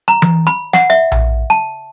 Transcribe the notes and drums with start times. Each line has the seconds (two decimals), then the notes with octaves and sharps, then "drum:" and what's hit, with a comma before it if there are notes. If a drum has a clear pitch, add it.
0.08 A#5
0.22 drum: tom E3
0.47 B5
0.73 F#5, drum: snare
0.90 E5
1.12 drum: tom A#1
1.50 A5